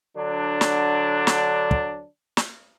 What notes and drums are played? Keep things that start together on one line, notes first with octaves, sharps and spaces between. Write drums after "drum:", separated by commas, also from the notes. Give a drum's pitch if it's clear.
D3 F#3 D4
drum: snare
drum: snare
drum: kick
drum: snare